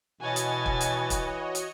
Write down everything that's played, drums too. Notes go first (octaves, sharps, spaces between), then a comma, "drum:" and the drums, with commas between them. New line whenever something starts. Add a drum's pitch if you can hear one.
B2 E3 F#4 C#5 D#5 G#5 A6
drum: hi-hat
drum: kick
drum: hi-hat
drum: kick, hi-hat
drum: hi-hat